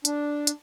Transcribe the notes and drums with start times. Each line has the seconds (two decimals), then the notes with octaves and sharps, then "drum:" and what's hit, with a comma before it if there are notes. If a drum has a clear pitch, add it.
0.05 D4, drum: hi-hat
0.47 drum: hi-hat